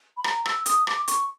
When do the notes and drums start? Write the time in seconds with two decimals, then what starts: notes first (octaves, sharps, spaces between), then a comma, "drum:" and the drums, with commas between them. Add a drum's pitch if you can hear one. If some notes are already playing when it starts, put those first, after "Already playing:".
0.17 B5
0.24 A#5, drum: rim click
0.45 E6, drum: rim click
0.66 D#6, drum: hi-hat
0.87 D6, drum: rim click
1.08 C#6, drum: hi-hat